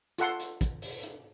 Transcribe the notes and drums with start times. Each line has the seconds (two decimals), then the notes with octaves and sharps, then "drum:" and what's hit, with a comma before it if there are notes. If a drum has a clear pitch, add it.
0.18 F4 A4 F#5 C6, drum: hi-hat
0.40 drum: hi-hat
0.61 drum: kick, hi-hat
0.82 drum: open hi-hat
1.03 drum: hi-hat